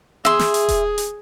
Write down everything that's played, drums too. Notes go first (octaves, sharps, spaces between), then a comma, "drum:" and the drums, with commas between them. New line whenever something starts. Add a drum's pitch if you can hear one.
G#4 E5 C6, drum: tom B3
drum: snare
drum: hi-hat
drum: kick D#1, hi-hat
drum: hi-hat